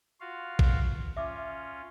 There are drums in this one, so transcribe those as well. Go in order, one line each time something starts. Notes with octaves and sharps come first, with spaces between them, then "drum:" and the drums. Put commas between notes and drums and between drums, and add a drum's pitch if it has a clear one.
F4 F#4 F5
drum: kick A1
C#4 F4 E5 D6